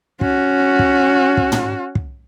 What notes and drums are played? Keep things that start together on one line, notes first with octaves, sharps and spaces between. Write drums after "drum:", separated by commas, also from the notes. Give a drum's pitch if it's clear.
C#4 F#4, drum: kick
drum: kick
drum: kick
drum: tom
drum: kick